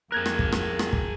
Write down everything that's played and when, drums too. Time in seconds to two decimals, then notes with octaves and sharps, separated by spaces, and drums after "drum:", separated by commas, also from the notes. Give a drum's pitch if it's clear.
0.12 F2 A#3 G#4 A#4 F#6 G#6
0.26 drum: rim click
0.39 drum: kick
0.52 drum: rim click
0.79 drum: rim click
0.93 drum: kick